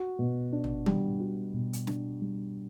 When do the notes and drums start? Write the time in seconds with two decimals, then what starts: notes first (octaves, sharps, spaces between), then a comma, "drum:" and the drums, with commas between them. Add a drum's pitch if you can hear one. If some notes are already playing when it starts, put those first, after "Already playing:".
Already playing: F#4
0.19 B2
0.52 D4
0.64 drum: tom
0.86 G3, drum: tom D#3
1.20 F#4
1.54 B2
1.73 drum: hi-hat
1.87 D4, drum: snare
2.21 G3